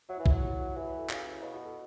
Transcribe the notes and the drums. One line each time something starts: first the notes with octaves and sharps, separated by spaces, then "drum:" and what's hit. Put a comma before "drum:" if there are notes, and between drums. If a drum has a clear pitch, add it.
F#3 E5
E4
E3
F#4, drum: kick B1
F#3 E4
F#4
F#4
E4
E3 F#4
B4
A4
C#3 F#4, drum: clap
E4
B2
F#4
A4